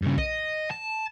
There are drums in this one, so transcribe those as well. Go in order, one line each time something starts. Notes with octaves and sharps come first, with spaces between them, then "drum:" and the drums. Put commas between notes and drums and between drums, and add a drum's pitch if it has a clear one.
G2 C#3
D#5, drum: kick A#1
A5